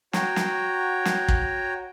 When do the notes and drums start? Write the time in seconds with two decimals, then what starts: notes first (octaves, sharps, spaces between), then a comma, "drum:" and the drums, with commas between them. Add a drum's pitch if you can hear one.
0.13 F#4 C#5 G5 A#5, drum: snare
0.36 drum: snare
1.05 drum: snare
1.28 drum: kick